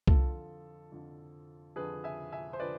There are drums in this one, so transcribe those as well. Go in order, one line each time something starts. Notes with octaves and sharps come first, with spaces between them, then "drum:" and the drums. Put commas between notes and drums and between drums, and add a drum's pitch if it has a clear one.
F2 D3 F3 F4 A4, drum: kick C2
F2 D3 F3
F2 D3 F3 G#4 B4
E5 G#5
E5 G#5
C5
D3 F3 B4 D5